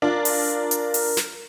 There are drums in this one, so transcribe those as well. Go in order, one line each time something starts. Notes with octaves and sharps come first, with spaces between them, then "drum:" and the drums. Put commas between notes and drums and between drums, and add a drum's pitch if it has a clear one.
D4 F4 A#4
drum: open hi-hat
drum: hi-hat
drum: open hi-hat
drum: snare